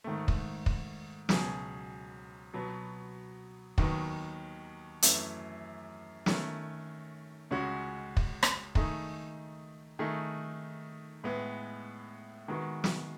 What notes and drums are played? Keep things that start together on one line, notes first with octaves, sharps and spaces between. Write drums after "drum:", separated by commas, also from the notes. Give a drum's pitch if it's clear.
G#2 D#3 A3
drum: kick
drum: kick
C#2 B2 F#3 C#4 G#4, drum: snare
B2 F#3 B3
D#2 D#3 F#3 B3 D#4, drum: kick
F#2 E3 A3 C#4, drum: hi-hat
D#3 A3 C#4, drum: snare
C#2 C#3 G#3 C#4 F#4
drum: kick
drum: rim click
D#3 A3 D#4 G#4, drum: kick
D#3 A3 D#4 G#4
A2 G#3 B3
D#3 G#3 B3 F#4
drum: snare